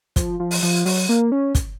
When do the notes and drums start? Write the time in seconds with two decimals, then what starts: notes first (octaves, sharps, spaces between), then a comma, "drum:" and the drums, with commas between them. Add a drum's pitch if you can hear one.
0.16 F3, drum: kick, hi-hat
0.40 F3
0.51 drum: open hi-hat
0.63 F3
0.85 F#3, drum: open hi-hat
1.09 A#3
1.32 C#4
1.55 drum: kick, hi-hat